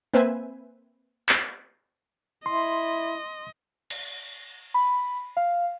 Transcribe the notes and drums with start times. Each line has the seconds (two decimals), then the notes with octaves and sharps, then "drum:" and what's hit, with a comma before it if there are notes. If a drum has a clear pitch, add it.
0.14 A#3 C4 B4 C5 E5 G#5
1.29 drum: clap
2.46 E4 D#5 C6
3.90 drum: cymbal
4.74 B5
5.37 F5